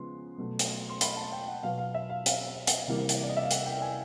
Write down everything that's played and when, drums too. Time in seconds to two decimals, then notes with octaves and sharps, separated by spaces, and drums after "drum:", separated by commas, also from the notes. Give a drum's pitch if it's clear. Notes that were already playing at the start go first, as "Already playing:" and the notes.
Already playing: C#3 F3 G#3 B3 C6
0.38 B2 F#3 A3
0.59 drum: hi-hat
0.89 C6
1.01 B5, drum: hi-hat
1.17 A5
1.33 G5
1.48 F#5
1.63 B2 F#3 B3 F5
1.78 F5
1.94 E5
2.10 F5
2.26 F5, drum: hi-hat
2.67 drum: hi-hat
2.88 C3 E3 G3 A#3
3.09 drum: hi-hat
3.23 D5
3.29 D#5
3.37 E5
3.43 F5
3.51 F#5, drum: hi-hat
3.66 G5
3.82 G#5